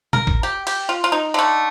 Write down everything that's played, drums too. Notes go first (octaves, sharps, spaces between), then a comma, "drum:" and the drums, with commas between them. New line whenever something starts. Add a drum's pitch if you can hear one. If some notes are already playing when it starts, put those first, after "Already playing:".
A#4, drum: tom B2
drum: kick A1
G4
G4, drum: cymbal
F4
F4
D#4
D3 A3